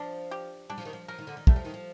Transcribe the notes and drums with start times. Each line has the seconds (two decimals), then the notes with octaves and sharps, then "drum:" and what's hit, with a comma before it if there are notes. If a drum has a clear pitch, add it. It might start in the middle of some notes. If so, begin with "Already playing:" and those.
Already playing: F3 D4
0.31 G4
0.70 G3 D4
0.78 F3
0.85 D#3
0.93 F3
1.08 F3 A#4
1.19 D#3
1.27 D3
1.37 D#3
1.47 G3 A3, drum: kick
1.56 F3
1.65 D#3
1.74 F3